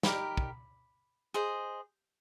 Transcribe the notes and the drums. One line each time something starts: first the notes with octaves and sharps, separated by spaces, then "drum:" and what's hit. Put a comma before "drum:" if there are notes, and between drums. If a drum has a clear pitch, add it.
D#4 G4 A#4 B5, drum: snare
drum: kick
G#4 C5 D#5